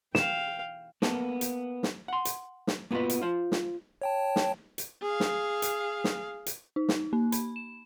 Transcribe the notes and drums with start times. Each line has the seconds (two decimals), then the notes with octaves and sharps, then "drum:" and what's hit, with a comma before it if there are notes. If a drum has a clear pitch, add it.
0.15 F5 G5 E7, drum: snare
1.02 A#3 B3 A4, drum: snare
1.41 drum: hi-hat
1.83 drum: snare
2.08 F#5 C6
2.25 drum: hi-hat
2.67 drum: snare
2.91 A#3 B3 F4 F#4 B4
3.09 drum: hi-hat
3.22 F4 C5
3.52 drum: snare
4.02 C#5 G5 A5
4.36 drum: snare
4.78 drum: hi-hat
5.02 G#4 F5
5.20 drum: snare
5.62 drum: hi-hat
6.04 drum: snare
6.46 drum: hi-hat
6.76 D#4
6.89 drum: snare
7.13 A#3
7.32 B5, drum: hi-hat
7.56 E7